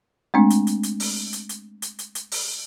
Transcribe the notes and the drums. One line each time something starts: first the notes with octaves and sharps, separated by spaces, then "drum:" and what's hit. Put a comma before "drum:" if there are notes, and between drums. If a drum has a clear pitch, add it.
G#3 A3 C4 D4
drum: hi-hat
drum: hi-hat
drum: hi-hat
drum: open hi-hat
drum: hi-hat
drum: hi-hat
drum: hi-hat
drum: hi-hat
drum: hi-hat
drum: open hi-hat